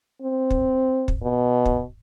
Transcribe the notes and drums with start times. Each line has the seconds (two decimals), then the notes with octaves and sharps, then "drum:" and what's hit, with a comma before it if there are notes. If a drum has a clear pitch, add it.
0.22 C4
0.50 drum: kick
1.08 drum: kick
1.22 B2
1.65 drum: kick